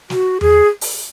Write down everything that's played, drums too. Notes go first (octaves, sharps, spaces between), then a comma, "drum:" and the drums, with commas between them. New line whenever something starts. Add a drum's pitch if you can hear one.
F#4, drum: snare
G#4, drum: tom E2
drum: open hi-hat